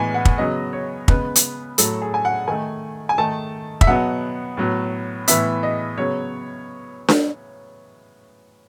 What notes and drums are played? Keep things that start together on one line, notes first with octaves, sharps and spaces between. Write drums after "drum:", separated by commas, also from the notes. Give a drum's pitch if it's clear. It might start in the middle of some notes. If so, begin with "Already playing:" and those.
Already playing: A2 E3 G#3 B3 G#5
F#5
drum: kick
C#3 F#3 B3 D#5
C#5
C#3 G#3 B3 B4, drum: kick
drum: hi-hat
A2 F#3 A3 A4, drum: hi-hat
G#4
G#5
F#5
D#3 A3 G#5
G#5
D#3 A3 A5
E5, drum: kick
B2 F#3 B3 F#5
A2 F#3 B3
A2 E3 B3 E5, drum: hi-hat
D#5
C#3 F#3 B3 C#5
drum: snare D4